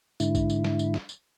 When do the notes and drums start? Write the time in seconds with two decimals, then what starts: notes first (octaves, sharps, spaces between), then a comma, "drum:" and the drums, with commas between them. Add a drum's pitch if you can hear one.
0.20 G#2 D3 E4, drum: tambourine
0.35 drum: kick A#1, tambourine
0.50 drum: tambourine
0.64 drum: snare
0.79 drum: tambourine
0.94 drum: snare
1.09 drum: tambourine